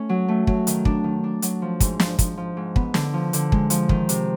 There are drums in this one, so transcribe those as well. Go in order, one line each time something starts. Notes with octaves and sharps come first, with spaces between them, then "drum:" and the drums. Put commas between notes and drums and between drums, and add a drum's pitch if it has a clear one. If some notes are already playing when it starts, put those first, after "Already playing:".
Already playing: A3 C#4
F#3
A3
F#3, drum: kick
D#3, drum: hi-hat
D4, drum: kick
D#3
D4
F#3, drum: hi-hat
F3
G#2, drum: kick, hi-hat
F3, drum: snare
F3, drum: kick, hi-hat
F3
G#2
B3, drum: kick
D3, drum: snare
F3
D3, drum: hi-hat
G#3, drum: kick
F3, drum: hi-hat
D#3, drum: kick
C3, drum: hi-hat